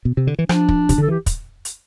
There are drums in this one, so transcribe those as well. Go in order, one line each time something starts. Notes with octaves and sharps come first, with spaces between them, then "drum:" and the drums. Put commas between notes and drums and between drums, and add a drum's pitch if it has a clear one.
B2
C3
D3
E3
F3 D4, drum: rim click
drum: kick
C3, drum: kick, hi-hat
D3
A4
E3 G4
drum: kick, hi-hat
drum: hi-hat